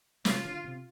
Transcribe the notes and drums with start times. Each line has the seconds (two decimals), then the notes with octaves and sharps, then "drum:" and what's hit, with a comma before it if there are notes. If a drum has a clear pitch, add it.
0.25 C3 C4 F4, drum: snare
0.45 D3 D4
0.64 C3 C4